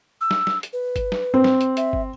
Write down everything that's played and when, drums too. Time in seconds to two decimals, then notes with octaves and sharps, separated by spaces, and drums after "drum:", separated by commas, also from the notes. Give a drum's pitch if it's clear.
0.21 E6
0.31 drum: snare
0.47 drum: snare
0.63 drum: hi-hat
0.73 B4
0.96 drum: kick G1, hi-hat
1.12 drum: snare
1.34 C4
1.44 drum: snare
1.61 drum: hi-hat
1.77 E5, drum: hi-hat
1.93 drum: kick G1